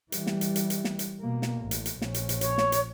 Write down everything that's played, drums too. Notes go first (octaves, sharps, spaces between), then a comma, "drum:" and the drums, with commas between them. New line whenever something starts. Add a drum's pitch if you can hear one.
E3 G3, drum: hi-hat
drum: snare
drum: hi-hat
drum: hi-hat
drum: hi-hat
drum: snare
drum: hi-hat
B2 A#3
drum: snare
A1
drum: hi-hat
drum: hi-hat
A#1 C#4, drum: snare
drum: hi-hat
drum: hi-hat
C#5, drum: hi-hat
drum: snare
drum: hi-hat